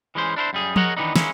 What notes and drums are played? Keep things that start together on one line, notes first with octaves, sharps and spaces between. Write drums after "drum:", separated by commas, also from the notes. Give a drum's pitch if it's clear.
E3 G#3 C#4 C5
D4 E4 A#4 C5
F#2 G3 G#4
G#4 A#4 C#5 D#5 F#5, drum: tom F3
D#3 E3 B3 D4 D#4
G#3 A#3 C#4 E4, drum: snare